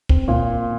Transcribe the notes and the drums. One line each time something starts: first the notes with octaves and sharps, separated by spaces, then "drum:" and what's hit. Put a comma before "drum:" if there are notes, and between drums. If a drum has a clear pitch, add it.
C4, drum: kick
A#2